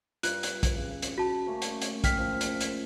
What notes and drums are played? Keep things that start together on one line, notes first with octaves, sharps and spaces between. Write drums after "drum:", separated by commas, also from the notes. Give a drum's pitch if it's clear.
G2 F4 F#6, drum: hi-hat
drum: hi-hat
drum: kick, hi-hat
C#3
drum: hi-hat
F#4 A5
A3 A#3 C#4
drum: hi-hat
drum: hi-hat
G5 F6 B6, drum: kick, hi-hat
F3
drum: hi-hat
drum: hi-hat